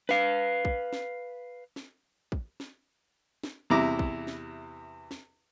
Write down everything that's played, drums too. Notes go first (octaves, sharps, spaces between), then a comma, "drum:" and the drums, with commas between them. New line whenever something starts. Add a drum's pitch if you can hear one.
B4 F5, drum: snare
drum: kick
drum: snare
drum: snare
drum: kick
drum: snare
drum: snare
E2 C3 G3 E4 A#5 D6
drum: kick
drum: snare
drum: snare